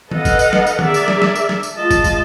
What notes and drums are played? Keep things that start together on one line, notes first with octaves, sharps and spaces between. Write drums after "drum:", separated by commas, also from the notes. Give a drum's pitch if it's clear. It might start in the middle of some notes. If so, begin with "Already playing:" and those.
A4 B4 D#5 F5 F#5, drum: tom D3
drum: kick, tambourine
drum: tambourine
drum: snare
drum: tambourine
G#4 A#4 D5 E5, drum: tom D3
drum: tambourine
drum: snare
drum: snare
drum: tambourine
drum: snare
drum: tambourine
G#3 F4 D#5 A5
drum: kick, tambourine
drum: kick, tambourine